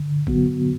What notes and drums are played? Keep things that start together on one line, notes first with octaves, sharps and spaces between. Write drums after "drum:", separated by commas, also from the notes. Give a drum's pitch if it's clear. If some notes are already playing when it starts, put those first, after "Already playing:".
Already playing: D3
F#3 B3 F#4, drum: kick G#1